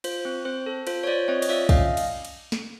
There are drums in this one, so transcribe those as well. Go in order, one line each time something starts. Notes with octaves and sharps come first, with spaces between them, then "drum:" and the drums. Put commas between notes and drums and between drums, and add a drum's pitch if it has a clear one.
F4 C5, drum: cymbal
C4
C4 C5
A4
F4 C5, drum: cymbal
C#5
F4 C5 D5
C4 C#5 D#5
D#5, drum: cymbal
F4 D5 E5
C#4 D#5 F5, drum: kick, cymbal
drum: cymbal
drum: cymbal
drum: snare